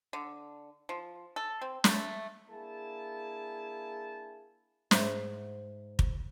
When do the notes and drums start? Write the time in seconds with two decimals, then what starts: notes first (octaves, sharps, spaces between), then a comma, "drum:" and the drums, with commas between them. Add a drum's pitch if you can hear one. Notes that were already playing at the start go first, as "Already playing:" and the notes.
0.13 D3
0.89 F3
1.36 A4
1.61 C4
1.84 A3, drum: snare
2.49 A#3 D4 E4 G#4 G#5 A5
4.91 G#2 C5 E5, drum: snare
5.99 drum: kick